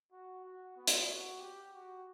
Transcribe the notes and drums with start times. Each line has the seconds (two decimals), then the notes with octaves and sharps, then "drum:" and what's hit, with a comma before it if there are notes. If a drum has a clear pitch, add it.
0.12 F#4
0.44 F#4
0.77 B3
0.87 drum: hi-hat
1.09 F#4
1.40 G4
1.73 F#4